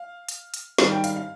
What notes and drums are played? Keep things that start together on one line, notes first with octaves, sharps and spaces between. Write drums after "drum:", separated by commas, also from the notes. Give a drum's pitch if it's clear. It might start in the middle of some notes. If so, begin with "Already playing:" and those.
Already playing: F5
drum: hi-hat
drum: hi-hat
G#2 D#3 G3 F5, drum: snare
G5
F5, drum: hi-hat
F5